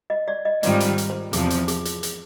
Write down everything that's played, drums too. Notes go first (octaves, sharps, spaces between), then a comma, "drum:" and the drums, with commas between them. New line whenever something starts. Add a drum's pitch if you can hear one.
D#5
D5
D#5
G#2 D#3 G3 C4 F4 D5, drum: hi-hat
drum: hi-hat
drum: hi-hat
C5
E2 C3 F3 G#4, drum: hi-hat
drum: hi-hat
G#4, drum: hi-hat
drum: hi-hat
drum: hi-hat